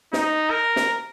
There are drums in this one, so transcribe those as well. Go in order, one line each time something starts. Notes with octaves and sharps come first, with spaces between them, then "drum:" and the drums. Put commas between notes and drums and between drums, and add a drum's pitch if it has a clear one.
D#4, drum: snare
A#4
drum: snare